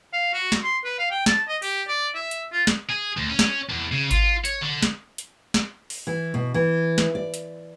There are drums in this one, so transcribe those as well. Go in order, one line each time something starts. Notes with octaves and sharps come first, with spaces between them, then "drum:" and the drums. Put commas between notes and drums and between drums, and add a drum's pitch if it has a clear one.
F5
F#4
drum: snare
C6
B4
F5
G5
A5, drum: snare
D#5
G4, drum: open hi-hat
D5
E5
drum: hi-hat
F4
drum: snare
G#4
D2
C#4
drum: snare
E2
C#3
F4, drum: kick G#1, hi-hat
C#5, drum: hi-hat
D3
drum: snare
drum: hi-hat
drum: snare
drum: open hi-hat
E3
B2
E3
drum: snare
D5
drum: hi-hat